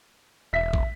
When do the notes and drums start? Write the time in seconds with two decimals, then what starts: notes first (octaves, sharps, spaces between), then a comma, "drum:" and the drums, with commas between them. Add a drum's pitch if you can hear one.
0.53 E1 E5 B6
0.74 drum: kick